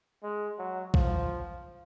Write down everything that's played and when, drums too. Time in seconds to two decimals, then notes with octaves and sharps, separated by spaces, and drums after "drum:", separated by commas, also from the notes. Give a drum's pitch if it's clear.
0.23 G#3
0.59 F#3
0.94 F3, drum: kick A#1